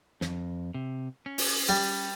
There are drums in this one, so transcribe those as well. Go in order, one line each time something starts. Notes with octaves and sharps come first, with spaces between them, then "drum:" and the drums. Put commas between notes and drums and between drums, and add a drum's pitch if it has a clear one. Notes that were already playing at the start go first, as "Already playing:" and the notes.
F2, drum: snare
C3
C#4
drum: open hi-hat
G3